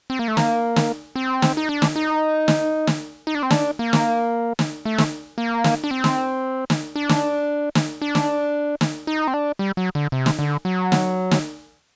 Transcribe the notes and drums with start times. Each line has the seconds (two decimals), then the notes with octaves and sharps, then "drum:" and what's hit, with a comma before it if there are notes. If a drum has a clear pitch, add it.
0.10 C4
0.19 A#3
0.28 A3
0.37 A#3, drum: snare
0.76 drum: snare
1.16 C4
1.42 drum: snare
1.57 D#4
1.69 D4
1.82 drum: snare
1.96 D#4
2.48 drum: snare
2.87 drum: snare
3.27 D#4
3.35 D4
3.43 C4
3.50 D4, drum: snare
3.79 A#3
3.93 drum: snare
4.59 drum: snare
4.85 A3
4.98 drum: snare
5.38 A#3
5.64 drum: snare
5.84 D4
5.91 C4
6.04 drum: snare
6.70 drum: snare
6.96 D4
7.09 drum: snare
7.75 drum: snare
8.02 D4
8.15 drum: snare
8.81 drum: snare
9.07 D#4
9.28 C4
9.34 D4
9.59 G3
9.77 F#3
9.95 D3
10.12 C3
10.26 drum: snare
10.39 D3
10.65 F#3
10.92 drum: snare
11.31 drum: snare